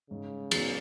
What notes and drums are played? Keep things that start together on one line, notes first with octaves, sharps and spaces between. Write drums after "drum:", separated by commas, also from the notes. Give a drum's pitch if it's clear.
G#2 C#3
F#3 B3 D#4 G#4, drum: cymbal